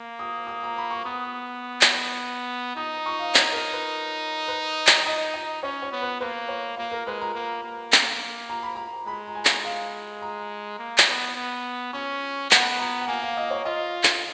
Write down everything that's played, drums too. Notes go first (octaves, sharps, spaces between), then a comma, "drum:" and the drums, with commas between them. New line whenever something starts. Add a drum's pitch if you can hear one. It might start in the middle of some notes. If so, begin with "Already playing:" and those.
Already playing: A#3
D#6
D#6
A#5
B5
C#6
B3 D#6
drum: clap
D#4 D#6
C#6
F5
C#5, drum: clap
A#4
B4
B4
drum: clap
D#4 D#5
D#5
C#4 C#5
C#5
B3
B4
A#3 B4
C#5
A#3 F5
A#4
G#3 B4
A#5
A#3
A#3
drum: clap
A#5
B5
A#5
G#3 B5
A#5
G#5
drum: clap
F5
A#5
A#3
drum: clap
B3
B3
C#4 C#6
B3 F#5, drum: clap
A#5
F#5
A#3 G#5
F5
D#5
C#5
F4 D#5
drum: clap